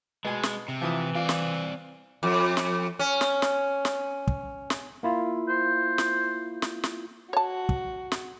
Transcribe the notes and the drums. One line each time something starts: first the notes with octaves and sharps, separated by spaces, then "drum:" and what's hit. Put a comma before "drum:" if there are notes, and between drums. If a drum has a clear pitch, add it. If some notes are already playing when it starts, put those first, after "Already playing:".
B2 G#3 G#5
drum: snare
C3
E3 F3 E4 D#6
C4 F4 D5
drum: snare
F2
drum: snare
C#4
drum: snare
drum: snare
drum: snare
drum: kick
drum: snare
A#3 E4 F4
C5
drum: snare
drum: snare
drum: snare
F#4 C#5 A5
drum: kick
drum: snare